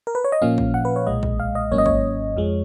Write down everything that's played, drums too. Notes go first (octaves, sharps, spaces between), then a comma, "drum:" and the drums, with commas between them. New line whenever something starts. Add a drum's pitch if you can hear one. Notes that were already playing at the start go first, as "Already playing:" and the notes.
A#4
B4
C#5
D#5
A#2 F3 A#3 C#4 F5
drum: kick
F#5
B4
C#5
B1 A#2 G#3 D#5
drum: kick
F5
D#5
G#1 G#2 F#3 A#3 C#4 C#5
D#5
C#5, drum: kick
F2 F3 G#3